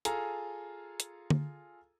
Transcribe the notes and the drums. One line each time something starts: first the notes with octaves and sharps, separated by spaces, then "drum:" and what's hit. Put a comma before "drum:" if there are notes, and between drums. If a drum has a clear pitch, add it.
F4 G#4 A4 G#5 A#5, drum: hi-hat
drum: hi-hat
drum: tom D3